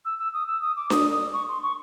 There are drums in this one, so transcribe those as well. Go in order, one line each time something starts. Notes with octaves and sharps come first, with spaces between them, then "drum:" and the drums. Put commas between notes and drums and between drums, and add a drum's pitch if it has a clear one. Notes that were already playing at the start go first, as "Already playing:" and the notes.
E6
E6
D#6
E6
D#6
D6
D#6, drum: snare D4
D#6
C#6
C6
C#6